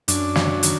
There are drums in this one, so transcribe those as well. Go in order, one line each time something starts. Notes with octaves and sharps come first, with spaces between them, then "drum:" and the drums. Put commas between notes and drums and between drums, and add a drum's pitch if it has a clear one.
F#2 D4, drum: hi-hat
F#3, drum: snare
D#3, drum: hi-hat